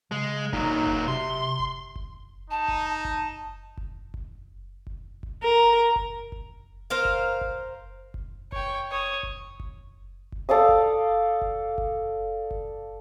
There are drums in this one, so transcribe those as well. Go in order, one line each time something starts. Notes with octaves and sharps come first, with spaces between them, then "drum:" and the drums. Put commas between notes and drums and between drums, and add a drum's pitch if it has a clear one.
C#3 G#3
A#2 F#3 D#4, drum: kick F#1
drum: kick F#1
C3 C6
drum: kick F#1
drum: kick F#1
D#4 A5
drum: kick F#1
A5
drum: kick F#1
drum: kick F#1
drum: kick F#1
drum: kick F#1
drum: kick F#1
A#4
drum: kick F#1
drum: kick F#1
A#4 C5 F5
drum: kick F#1
drum: kick F#1
drum: kick F#1
C#5 G5, drum: kick F#1
C#5 D#6
drum: kick F#1
drum: kick F#1
drum: kick F#1
A4 D5 F5 D#6
drum: kick F#1
drum: kick F#1
drum: kick F#1
drum: kick F#1